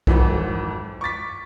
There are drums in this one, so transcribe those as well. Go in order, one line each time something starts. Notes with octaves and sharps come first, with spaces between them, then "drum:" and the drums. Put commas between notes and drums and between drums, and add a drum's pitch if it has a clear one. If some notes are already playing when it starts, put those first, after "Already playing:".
G#1 F2 E3 F#3, drum: kick B1
C#6 D6 A6 B6